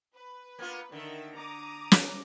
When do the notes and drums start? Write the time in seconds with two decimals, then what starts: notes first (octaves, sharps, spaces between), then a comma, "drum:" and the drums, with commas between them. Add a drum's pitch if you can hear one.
0.16 B4
0.59 A#3 B3 F4
0.92 D3 D#3 E5
1.34 A#5 D6 D#6
1.92 drum: snare